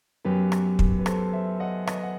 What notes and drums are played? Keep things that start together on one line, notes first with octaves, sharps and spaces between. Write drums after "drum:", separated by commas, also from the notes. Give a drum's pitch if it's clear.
F#2 F#3 B3 G4 B4
drum: rim click
drum: kick
B4
A4 C5, drum: rim click
C5 E5
D#5 F#5
B4 D#5, drum: rim click
F#5